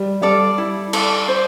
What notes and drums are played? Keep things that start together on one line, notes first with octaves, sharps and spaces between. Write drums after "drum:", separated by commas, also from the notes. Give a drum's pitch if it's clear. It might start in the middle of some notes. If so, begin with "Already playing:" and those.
Already playing: G3
G3 A4 D5 F5
E4
A4 D5 F5, drum: cymbal
C5